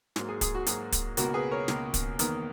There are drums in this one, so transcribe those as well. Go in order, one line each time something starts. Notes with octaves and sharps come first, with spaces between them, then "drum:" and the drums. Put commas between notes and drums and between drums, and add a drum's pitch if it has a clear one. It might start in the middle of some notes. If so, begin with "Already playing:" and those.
G#2 F#3 A#3, drum: snare
G#4
G#4, drum: kick, hi-hat
F#4
G#2 F#3 A#3 G#4, drum: hi-hat
drum: kick, hi-hat
C#2 B2 A#3 F#4 A#4, drum: hi-hat
G#4 B4
A#4 C#5
C#2 B2 A#3, drum: snare
drum: kick, hi-hat
E2 D#3 A#3, drum: hi-hat